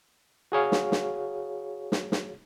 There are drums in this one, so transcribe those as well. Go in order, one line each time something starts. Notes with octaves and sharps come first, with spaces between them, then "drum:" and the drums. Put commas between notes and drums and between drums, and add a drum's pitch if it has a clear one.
F#4 G#4 C#5 F5
drum: snare
drum: snare
drum: snare
drum: snare